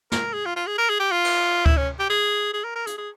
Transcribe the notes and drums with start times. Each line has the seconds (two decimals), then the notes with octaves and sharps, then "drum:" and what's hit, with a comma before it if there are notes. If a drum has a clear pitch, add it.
0.12 A#4, drum: snare
0.34 G#4
0.46 F4
0.56 F4
0.67 G#4
0.79 A#4
0.90 G#4
1.00 G4
1.11 F4
1.24 drum: cymbal
1.66 E4, drum: kick D2
1.77 C#4
1.99 G4
2.10 G#4
2.54 G#4
2.64 A#4
2.76 A#4
2.87 G#4, drum: hi-hat
2.98 G#4